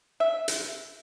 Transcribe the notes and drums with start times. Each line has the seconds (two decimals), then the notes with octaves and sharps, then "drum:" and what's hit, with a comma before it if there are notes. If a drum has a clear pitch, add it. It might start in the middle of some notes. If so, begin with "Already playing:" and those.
0.20 E5
0.48 drum: hi-hat